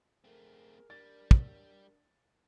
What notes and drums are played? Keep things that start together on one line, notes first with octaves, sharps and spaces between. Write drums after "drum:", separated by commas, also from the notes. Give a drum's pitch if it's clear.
A3 C4 G#4 A#4
G3 D4 A6
drum: kick